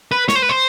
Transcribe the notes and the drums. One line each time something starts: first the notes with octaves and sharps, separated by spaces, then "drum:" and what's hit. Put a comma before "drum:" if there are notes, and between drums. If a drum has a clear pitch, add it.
B4
C#5, drum: snare
C5
B4
C5